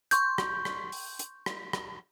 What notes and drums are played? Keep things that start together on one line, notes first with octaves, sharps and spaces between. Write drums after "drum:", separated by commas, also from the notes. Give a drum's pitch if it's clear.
C6 C#6 G6, drum: hi-hat
drum: rim click
drum: rim click
drum: open hi-hat
drum: hi-hat
drum: rim click
drum: rim click